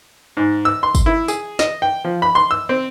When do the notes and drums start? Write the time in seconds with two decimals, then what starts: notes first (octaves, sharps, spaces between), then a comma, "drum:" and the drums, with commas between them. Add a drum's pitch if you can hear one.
0.37 G#2
0.65 E6
0.83 C6
0.95 drum: kick, tambourine
1.06 E4
1.28 G#4, drum: tambourine
1.59 D#5, drum: snare
1.82 G5
2.05 F3
2.22 B5
2.35 C6
2.51 E6
2.69 C4